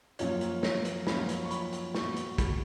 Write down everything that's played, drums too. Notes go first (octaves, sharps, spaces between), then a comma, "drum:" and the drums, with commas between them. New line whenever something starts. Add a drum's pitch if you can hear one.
F#2 F3 A#3 C#4 F4 C#5, drum: hi-hat
drum: hi-hat
C#5, drum: snare
drum: hi-hat
F#2 F3 A#3 C#4 F4 B5, drum: snare
drum: hi-hat
C#6
B5, drum: hi-hat
drum: hi-hat
A#2 F#3 B3 C#6, drum: snare
drum: hi-hat
B5, drum: kick, hi-hat